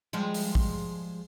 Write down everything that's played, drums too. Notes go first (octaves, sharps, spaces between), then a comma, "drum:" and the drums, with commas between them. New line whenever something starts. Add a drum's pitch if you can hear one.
F3 G3 G#3
drum: open hi-hat
drum: kick